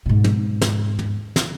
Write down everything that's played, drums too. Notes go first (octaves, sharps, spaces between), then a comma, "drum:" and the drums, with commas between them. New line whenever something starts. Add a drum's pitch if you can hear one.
G#2 B2
drum: tom
drum: snare
drum: tom
drum: snare